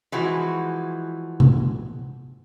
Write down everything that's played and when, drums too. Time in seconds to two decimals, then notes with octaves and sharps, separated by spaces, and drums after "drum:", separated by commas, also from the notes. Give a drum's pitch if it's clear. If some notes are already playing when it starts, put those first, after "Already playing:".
0.12 E3 F3 G#3 F#4
1.40 drum: tom C3